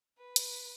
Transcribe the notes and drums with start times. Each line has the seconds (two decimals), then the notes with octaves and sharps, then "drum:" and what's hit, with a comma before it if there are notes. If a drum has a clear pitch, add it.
0.18 B4
0.36 drum: hi-hat